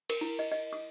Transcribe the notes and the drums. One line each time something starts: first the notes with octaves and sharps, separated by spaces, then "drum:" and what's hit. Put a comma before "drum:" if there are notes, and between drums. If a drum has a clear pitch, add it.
A#4, drum: cymbal
E4
D#5
D#5
D#6